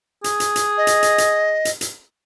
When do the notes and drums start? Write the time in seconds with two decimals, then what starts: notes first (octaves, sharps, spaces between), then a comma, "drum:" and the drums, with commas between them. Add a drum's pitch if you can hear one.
0.24 G#4, drum: hi-hat
0.40 drum: hi-hat
0.56 drum: hi-hat
0.78 D#5
0.87 drum: hi-hat
1.03 drum: hi-hat
1.18 drum: hi-hat
1.65 drum: hi-hat
1.81 drum: hi-hat